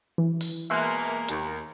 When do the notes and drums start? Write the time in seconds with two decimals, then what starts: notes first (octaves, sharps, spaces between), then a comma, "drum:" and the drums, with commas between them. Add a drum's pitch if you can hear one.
0.18 E3
0.41 drum: open hi-hat
0.70 B2 G#3 A#3 E5 C6 F#6
1.29 D#2, drum: hi-hat